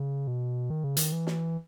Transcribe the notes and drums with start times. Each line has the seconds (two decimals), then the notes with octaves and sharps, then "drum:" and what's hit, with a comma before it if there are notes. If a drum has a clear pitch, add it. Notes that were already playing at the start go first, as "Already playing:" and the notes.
Already playing: C#3
0.27 B2
0.70 D#3
0.84 C#3
0.97 D#3, drum: hi-hat
1.12 E3
1.27 drum: snare